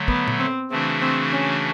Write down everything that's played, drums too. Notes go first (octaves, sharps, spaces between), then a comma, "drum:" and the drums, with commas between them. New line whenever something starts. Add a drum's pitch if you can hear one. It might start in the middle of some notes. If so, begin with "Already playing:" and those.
Already playing: D3 F#3 A3
B3, drum: kick
drum: tom A#2
C4
C#3 E3 A3 C4 D4 F#4
C4
C#4